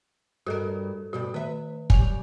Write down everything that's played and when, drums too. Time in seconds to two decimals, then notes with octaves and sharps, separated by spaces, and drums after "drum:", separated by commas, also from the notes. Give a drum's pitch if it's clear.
0.46 G2 F#4 A4 A#4
1.13 G2 B2 G3 F#4
1.34 D#3 B4 E5
1.90 F#3 G3 G#5 F7, drum: kick